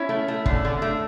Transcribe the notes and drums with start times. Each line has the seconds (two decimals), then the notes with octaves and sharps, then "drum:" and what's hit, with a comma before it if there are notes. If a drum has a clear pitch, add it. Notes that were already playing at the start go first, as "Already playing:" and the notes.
Already playing: C#4 E4
0.09 A3
0.28 A3
0.46 D3, drum: kick
0.65 D3
0.82 A3